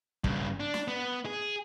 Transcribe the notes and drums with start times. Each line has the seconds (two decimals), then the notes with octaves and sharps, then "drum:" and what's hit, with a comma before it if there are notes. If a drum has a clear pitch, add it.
0.24 G2 C#3, drum: kick
0.60 D4
0.74 drum: snare
0.88 B3
1.26 G#4